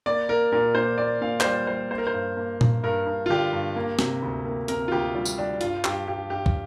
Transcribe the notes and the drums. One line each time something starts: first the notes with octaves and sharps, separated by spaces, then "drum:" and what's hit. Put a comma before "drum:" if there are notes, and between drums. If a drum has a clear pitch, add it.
A#3 D5
A#3 A#4
A#2 A#4
A#2 C5
A#3 D5
A#2 F5
C5, drum: clap
G3 D5
G3 C5
A#3 C5
A#4
C5
G2
A#3
G2, drum: tom A#2
G2 A#4
G2
F4
D3 G4
G2
A#3
C3, drum: snare
D2
A#3
C3 A#4, drum: hi-hat
F4
D2 G4
G3 F4
drum: tambourine
G3 D4
G2 F4, drum: hi-hat
G2 G4, drum: clap
G2 G4
G2 G4
drum: kick